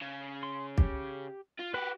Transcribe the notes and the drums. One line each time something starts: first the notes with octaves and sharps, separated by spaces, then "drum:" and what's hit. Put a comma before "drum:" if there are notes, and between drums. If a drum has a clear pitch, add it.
C#3
C6
G4, drum: kick
F4
F#4 G4 B4 B5